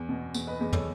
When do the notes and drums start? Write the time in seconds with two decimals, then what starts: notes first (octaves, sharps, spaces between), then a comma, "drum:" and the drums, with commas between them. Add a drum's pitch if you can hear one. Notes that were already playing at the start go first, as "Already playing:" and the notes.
Already playing: E2
0.09 B2
0.34 E2, drum: tambourine
0.47 B4 D#5
0.60 E2 G#4 B4
0.72 A4 C#5, drum: tom